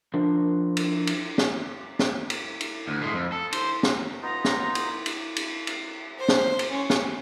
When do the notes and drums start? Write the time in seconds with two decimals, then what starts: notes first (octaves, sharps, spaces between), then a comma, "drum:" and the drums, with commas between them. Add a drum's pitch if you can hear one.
0.14 F3 D4 A#4 C5
0.77 drum: cymbal
1.07 drum: cymbal
1.38 drum: snare
1.99 drum: snare
2.30 drum: cymbal
2.61 drum: cymbal
2.87 D2
3.01 A2 G#3
3.13 F2
3.32 A4
3.53 C5, drum: cymbal
3.83 drum: snare
4.22 B3 D#4 F4 A#5
4.45 drum: snare
4.75 drum: cymbal
5.06 drum: cymbal
5.36 drum: cymbal
5.67 drum: cymbal
6.19 C5
6.28 drum: snare
6.59 drum: cymbal
6.70 C#4
6.90 drum: snare